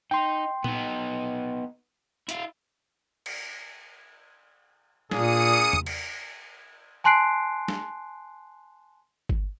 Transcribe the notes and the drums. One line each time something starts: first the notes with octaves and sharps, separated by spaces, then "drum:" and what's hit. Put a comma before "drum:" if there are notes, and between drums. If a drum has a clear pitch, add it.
D#4 G5 C6
B3 D#4, drum: tom A#2
E4 F5, drum: hi-hat
drum: cymbal
A#2 A#3 D4 G#4 D#6 C#7 D#7, drum: snare
drum: tom E2
drum: cymbal
G#5 A5 C6 F#6 C7 D7
drum: snare
drum: kick G1